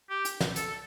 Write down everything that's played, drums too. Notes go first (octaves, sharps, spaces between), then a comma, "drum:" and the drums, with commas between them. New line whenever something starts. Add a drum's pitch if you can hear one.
G4
drum: hi-hat
drum: snare
A4, drum: hi-hat